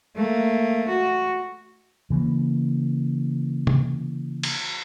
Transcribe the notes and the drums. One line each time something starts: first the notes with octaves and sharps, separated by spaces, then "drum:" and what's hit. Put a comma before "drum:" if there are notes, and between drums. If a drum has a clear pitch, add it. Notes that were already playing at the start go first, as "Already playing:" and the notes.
A3 A#3
F#4
C#3 E3 A#3
drum: tom C3
drum: cymbal